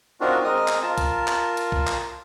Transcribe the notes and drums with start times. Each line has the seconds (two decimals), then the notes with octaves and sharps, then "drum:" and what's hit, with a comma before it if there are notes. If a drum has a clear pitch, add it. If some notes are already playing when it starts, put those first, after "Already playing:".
0.21 C4 D4 D#4 F4 F#4 A#4
0.44 G#3 C4 A#4 D#5 D#6
0.68 drum: clap
0.83 F4 A#4 A5
0.98 drum: kick B1, hi-hat
1.27 drum: clap
1.57 drum: hi-hat
1.72 drum: kick B1
1.87 drum: clap